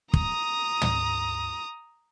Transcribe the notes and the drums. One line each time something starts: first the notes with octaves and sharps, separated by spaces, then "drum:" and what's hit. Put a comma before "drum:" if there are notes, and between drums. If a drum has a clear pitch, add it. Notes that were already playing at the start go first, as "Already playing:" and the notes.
A#5 D#6, drum: kick
drum: tom